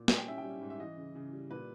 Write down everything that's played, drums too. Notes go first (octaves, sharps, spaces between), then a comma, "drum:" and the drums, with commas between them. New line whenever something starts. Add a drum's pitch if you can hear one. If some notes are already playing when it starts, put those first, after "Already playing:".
Already playing: A#2
G3 G#5, drum: snare
G5
C#4 E5
G5
G3
G#2
E5
E3 D#5
C#3
C#3
G3
A#2 B4